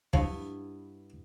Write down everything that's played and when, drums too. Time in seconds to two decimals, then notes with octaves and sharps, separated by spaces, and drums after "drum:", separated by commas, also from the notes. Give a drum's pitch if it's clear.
0.13 G2 F3 B3 E4, drum: kick